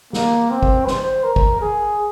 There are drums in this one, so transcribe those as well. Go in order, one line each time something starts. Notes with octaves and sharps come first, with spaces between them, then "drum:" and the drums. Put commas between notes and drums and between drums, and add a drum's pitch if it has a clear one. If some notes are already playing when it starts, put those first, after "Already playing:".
A#3, drum: snare
C4
drum: kick G#1
C5, drum: snare
A#4
drum: kick G#1
G#4